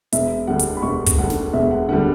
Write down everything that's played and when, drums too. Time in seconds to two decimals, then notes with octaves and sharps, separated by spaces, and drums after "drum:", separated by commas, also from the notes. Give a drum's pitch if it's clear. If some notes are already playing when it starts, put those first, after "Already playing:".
0.13 E1 E5, drum: hi-hat
0.47 D2 D3 G3 F#5
0.59 drum: hi-hat
0.77 B5
0.83 E1 C#6
1.06 drum: kick, hi-hat
1.18 D2 D3 G3 F#5
1.30 drum: snare
1.53 E1 E5
1.71 F#5
1.89 D2 D3 G3 F#5